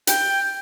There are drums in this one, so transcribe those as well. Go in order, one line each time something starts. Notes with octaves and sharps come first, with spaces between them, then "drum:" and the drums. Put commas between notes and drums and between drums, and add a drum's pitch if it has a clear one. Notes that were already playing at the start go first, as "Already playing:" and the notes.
G5, drum: hi-hat